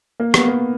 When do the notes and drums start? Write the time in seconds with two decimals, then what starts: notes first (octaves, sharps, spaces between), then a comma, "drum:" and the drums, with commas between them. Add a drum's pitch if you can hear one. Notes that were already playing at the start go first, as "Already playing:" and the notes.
0.20 A#3
0.34 B3, drum: rim click
0.48 A#3